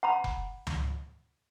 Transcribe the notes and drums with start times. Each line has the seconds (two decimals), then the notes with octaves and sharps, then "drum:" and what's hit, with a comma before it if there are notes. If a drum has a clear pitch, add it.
0.03 F#5 A#5 B5
0.24 drum: kick F1
0.67 drum: tom C#2